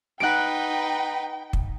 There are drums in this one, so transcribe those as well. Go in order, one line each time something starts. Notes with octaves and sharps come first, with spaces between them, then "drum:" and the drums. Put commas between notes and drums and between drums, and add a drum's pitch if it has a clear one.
D#4 B4 F#5 G5 D7
drum: kick